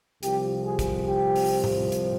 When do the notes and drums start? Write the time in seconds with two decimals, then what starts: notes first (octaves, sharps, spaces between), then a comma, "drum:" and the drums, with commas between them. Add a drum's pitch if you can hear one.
0.23 C2 C3 F3 G4, drum: hi-hat
0.65 G#4
0.79 drum: kick, hi-hat
1.07 G4
1.36 drum: open hi-hat
1.64 drum: tom G#2
1.92 drum: hi-hat